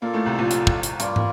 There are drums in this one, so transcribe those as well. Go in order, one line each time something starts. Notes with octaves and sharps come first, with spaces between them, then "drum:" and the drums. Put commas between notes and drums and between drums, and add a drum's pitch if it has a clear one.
A#2 A#3 F4 A4 D5 F5
A2 A3
C2 C3
A#1 A#2
A2, drum: hi-hat
drum: kick
drum: hi-hat
G2 G3 A#3 F4, drum: hi-hat
drum: tom